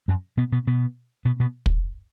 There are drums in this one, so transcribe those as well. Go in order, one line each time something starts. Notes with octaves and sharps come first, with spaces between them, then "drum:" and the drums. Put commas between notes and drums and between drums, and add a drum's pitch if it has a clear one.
F#2 F#3
B2 B3
B2 B3
B2 B3
B2 B3
B2 B3
drum: kick